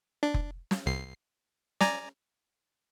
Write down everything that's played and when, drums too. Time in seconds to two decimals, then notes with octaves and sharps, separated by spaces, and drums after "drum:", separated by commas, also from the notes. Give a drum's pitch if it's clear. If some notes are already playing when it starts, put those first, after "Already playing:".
0.23 D4
0.34 drum: kick F1
0.71 drum: snare
0.86 C2 C7
1.81 D5 G#5 A#5, drum: snare